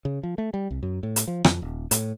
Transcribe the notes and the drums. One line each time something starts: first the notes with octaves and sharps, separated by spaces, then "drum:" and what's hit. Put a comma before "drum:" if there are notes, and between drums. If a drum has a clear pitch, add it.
C#3
F3
A3
G3
C2
F#2
A2
drum: hi-hat
F3
F2, drum: rim click
D#1
A2, drum: hi-hat